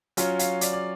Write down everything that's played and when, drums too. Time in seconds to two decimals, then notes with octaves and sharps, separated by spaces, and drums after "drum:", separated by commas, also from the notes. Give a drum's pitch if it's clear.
0.17 F#3 C#4 F4, drum: hi-hat
0.39 F5, drum: hi-hat
0.61 D5, drum: hi-hat
0.73 D5